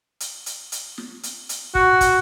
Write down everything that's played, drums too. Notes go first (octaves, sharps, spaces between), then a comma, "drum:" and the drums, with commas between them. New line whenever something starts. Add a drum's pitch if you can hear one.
drum: hi-hat
drum: hi-hat
drum: hi-hat
drum: snare
drum: hi-hat
drum: hi-hat
F#4, drum: kick
drum: kick, hi-hat